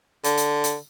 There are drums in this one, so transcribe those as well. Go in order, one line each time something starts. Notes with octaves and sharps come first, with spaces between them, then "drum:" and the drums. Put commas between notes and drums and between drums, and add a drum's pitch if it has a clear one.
D3, drum: hi-hat
drum: hi-hat
drum: hi-hat